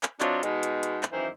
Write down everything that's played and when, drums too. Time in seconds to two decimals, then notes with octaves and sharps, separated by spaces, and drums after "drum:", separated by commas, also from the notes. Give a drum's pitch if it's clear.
0.03 drum: clap
0.20 F#3 C4 D4 F4 C#5 D#5, drum: clap
0.43 B2 G#3 D#4, drum: hi-hat
0.63 drum: hi-hat
0.83 drum: hi-hat
1.03 drum: clap
1.12 F#2 D#3 E3 A#3 E4 C5